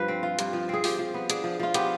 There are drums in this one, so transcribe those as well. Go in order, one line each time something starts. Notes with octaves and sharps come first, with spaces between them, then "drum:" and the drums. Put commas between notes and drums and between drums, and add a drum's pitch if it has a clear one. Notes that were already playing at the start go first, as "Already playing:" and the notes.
Already playing: G2 F3 B4
C4
F4
G2, drum: hi-hat
F3
C4 G#4
F3 G4, drum: open hi-hat
F3
B3
D4 G#4, drum: hi-hat
F3
F3 F4
B3 G4, drum: hi-hat